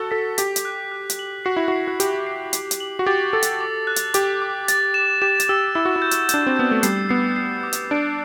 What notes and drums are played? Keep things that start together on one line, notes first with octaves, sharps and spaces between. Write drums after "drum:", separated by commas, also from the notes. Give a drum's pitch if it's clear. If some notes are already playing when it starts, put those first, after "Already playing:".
Already playing: F#4 A4
A4 B6
G4 B6, drum: hi-hat
drum: hi-hat
F#6
F#6
drum: hi-hat
F#7
F#4 C7
E4
F#4 C7
F#4
G4 D6, drum: hi-hat
C7
C7, drum: hi-hat
drum: hi-hat
F#7
F#4
G4 A6
A4 A6
drum: hi-hat
D6
F#6
drum: hi-hat
G4 D6, drum: hi-hat
D6
A6, drum: hi-hat
E7
G4 E7
drum: hi-hat
G4 E6
E4 E6
F#4
E4
G6
drum: hi-hat
G6, drum: hi-hat
D4
C4
B3 G6
A3
G3 C7, drum: hi-hat
B3 C7
C7
D6
drum: hi-hat
D4 D7